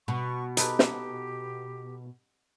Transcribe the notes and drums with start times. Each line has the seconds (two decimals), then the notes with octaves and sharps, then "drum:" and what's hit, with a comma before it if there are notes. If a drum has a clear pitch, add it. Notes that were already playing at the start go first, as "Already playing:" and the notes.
0.08 B2 C#6
0.57 D#4 G4 A4 B4, drum: hi-hat
0.79 drum: snare